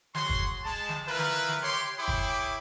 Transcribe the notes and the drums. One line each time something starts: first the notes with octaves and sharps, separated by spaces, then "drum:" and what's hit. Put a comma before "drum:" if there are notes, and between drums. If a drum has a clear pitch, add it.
F#4 G#4 C#5 C6, drum: snare
drum: kick
G#3 A5
drum: snare
E4 F4 A#4 B4
drum: snare
drum: snare
G4 C#5 C6
E4 G#4 C#5 G5 B5 D6
drum: kick